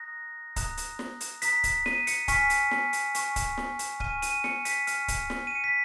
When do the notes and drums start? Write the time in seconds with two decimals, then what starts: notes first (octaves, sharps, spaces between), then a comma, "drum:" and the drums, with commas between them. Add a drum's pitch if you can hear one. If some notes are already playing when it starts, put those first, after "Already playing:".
Already playing: A#5 D#6 F#6 A#6
0.56 A#5 D#6 F#6, drum: kick C#1, hi-hat
0.77 drum: hi-hat
0.99 drum: snare
1.21 drum: hi-hat
1.42 A#5 D#6 F#6 B6, drum: hi-hat
1.64 drum: kick C#1, hi-hat
1.86 D#7, drum: snare
2.07 C#7, drum: hi-hat
2.28 G#5 C#6 F6 B6, drum: kick C#1, hi-hat
2.50 drum: hi-hat
2.71 drum: snare
2.93 drum: hi-hat
3.15 G#5 C#6 F6, drum: hi-hat
3.36 drum: kick C#1, hi-hat
3.57 drum: snare
3.79 drum: hi-hat
4.00 G#5 C#6 F6 D#7, drum: kick C#1
4.22 D#7, drum: hi-hat
4.44 C#7, drum: snare
4.65 B6, drum: hi-hat
4.87 G#5 C#6 F6, drum: hi-hat
5.08 drum: kick C#1, hi-hat
5.30 drum: snare
5.47 D#7
5.55 C#7
5.64 B6